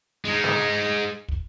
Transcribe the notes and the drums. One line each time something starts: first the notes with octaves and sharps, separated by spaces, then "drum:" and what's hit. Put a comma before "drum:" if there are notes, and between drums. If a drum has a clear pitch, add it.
G#3 D#4
drum: snare
drum: kick